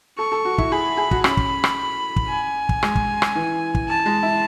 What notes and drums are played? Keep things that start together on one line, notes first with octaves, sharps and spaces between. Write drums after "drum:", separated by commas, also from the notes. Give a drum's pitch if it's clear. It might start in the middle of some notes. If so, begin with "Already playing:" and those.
A4 C#6
A4
F#4
E4, drum: kick
G#4 B5
G#4
F#4, drum: kick
C#4 B5, drum: rim click
drum: kick
drum: rim click
drum: kick
G#5
drum: kick
G#3, drum: rim click
drum: kick
drum: rim click
E3
drum: kick
A5
G#3
E4